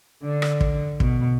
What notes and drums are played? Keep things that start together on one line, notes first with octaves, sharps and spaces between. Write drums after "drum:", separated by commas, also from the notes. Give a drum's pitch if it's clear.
D3
drum: rim click
drum: kick
B2, drum: kick